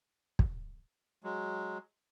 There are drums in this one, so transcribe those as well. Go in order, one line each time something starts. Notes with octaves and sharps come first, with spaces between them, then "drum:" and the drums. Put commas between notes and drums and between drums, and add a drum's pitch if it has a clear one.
drum: kick
F#3 G#3